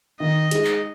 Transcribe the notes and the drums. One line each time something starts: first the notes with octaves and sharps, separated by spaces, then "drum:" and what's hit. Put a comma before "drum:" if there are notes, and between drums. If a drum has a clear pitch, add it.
D#3 D#5
G#3 D#4, drum: hi-hat
drum: clap